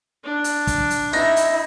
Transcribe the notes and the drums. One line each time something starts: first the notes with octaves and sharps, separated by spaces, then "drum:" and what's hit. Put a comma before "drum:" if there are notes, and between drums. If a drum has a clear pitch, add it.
D4
drum: hi-hat
drum: kick, hi-hat
drum: hi-hat
D#4 E4 A#6
drum: hi-hat